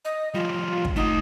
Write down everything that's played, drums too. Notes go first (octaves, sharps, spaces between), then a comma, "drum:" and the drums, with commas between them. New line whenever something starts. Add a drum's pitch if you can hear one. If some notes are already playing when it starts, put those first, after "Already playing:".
D#5
F3 G3 F4
drum: kick
A3 D#4 F#5